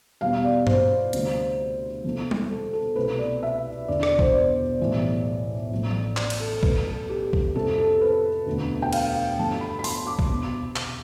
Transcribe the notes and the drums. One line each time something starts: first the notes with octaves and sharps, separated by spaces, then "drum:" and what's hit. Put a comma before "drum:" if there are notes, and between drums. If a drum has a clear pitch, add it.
E2 B2 G3 F5
D5
C5, drum: tom G2
D2 C3 G3, drum: hi-hat
E2 C3 F3 A3
drum: tom G3
A4
A4
C2 B2 A3 B4
D5
E5
E1 E2 D3 D5
D5, drum: rim click
C5, drum: kick
D5
B1 A2 E3 G3
A1 A2 F3 A3
drum: tom E3
D5, drum: clap
drum: cymbal
A4
B1 B2 A3 B4, drum: kick
A4
G4
drum: kick
F2 C3 G3 A4
A4
B4
E1 D2 D3 A3
G5
F5, drum: cymbal
G1 G2 F3 A3 A5
B5
B5
C6, drum: open hi-hat
D6
drum: kick
E1 E2 C3
drum: clap